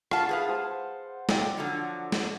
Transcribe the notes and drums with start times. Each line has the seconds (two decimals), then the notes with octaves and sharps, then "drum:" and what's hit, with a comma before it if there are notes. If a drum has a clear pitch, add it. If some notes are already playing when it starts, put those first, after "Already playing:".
0.11 F4 F#5 A5, drum: rim click
0.29 G#4 B4 F5
0.49 C5 A5
1.29 A#2 D5 G5, drum: snare
1.57 D3 F3 F#3
2.12 drum: snare